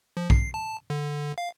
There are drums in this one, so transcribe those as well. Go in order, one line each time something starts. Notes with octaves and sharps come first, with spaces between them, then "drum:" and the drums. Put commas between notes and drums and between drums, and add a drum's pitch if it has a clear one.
F3
C7, drum: kick
A5
D3
F5